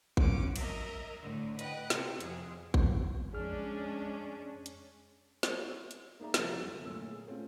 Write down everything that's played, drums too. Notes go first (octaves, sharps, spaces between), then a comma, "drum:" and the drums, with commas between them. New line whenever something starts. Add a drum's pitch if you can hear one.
F#3 C#4 D6, drum: kick A1
A#4 D#5 E5 A#5, drum: cymbal
A2 D3
B4 D#5 F#5 G5, drum: hi-hat
C3, drum: snare
F2 G#4, drum: hi-hat
drum: kick A1
F2 G#3 C#4 D4 G#4 F6
drum: hi-hat
drum: snare
drum: hi-hat
A#3 D#4 G#4 D5 E5 A#5
C3 F3 A6, drum: snare
F#2 D3
A#2 A3 C#5 E6
G#4
A3 C4 C#4 F4